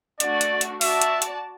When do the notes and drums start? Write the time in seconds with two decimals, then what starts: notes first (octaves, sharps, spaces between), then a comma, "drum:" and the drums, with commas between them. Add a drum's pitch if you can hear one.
0.20 A3 D4 F#4 D5, drum: hi-hat
0.41 drum: hi-hat
0.61 drum: hi-hat
0.81 F#4 D5 E5 A5, drum: open hi-hat
1.02 drum: hi-hat
1.22 drum: hi-hat